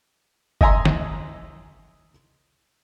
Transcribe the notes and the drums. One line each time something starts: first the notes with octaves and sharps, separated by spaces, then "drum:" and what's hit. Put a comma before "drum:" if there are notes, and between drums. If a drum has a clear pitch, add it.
D#5 E5 G#5 A#5 C6, drum: kick F#1
drum: snare